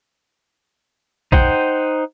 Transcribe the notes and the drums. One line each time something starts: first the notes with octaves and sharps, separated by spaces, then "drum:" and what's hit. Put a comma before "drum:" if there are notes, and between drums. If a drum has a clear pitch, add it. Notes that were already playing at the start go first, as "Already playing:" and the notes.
D#4 C5 F#5 G5, drum: kick